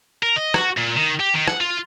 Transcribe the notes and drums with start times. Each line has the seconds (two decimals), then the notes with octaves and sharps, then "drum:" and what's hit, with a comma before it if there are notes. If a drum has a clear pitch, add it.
0.23 A#4
0.36 D#5
0.54 F#4, drum: rim click
0.77 A#2
0.97 D#3
1.20 G4
1.34 D#3
1.48 F#5, drum: rim click
1.60 F4